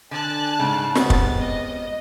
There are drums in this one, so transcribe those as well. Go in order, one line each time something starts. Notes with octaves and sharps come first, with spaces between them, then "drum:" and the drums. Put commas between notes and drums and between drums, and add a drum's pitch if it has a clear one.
D3 G#5 A5 F#6
G#2 C#3
C#2 C3 B3 A6, drum: snare
drum: kick
D#5